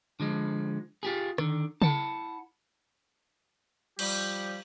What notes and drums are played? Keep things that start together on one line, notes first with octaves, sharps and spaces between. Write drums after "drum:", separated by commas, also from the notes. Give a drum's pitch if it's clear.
D3 F3 G#3
F4 G4 G#4
D3 D#3, drum: rim click
E4 F#5 A5, drum: tom C#3
F3 G3 G4, drum: cymbal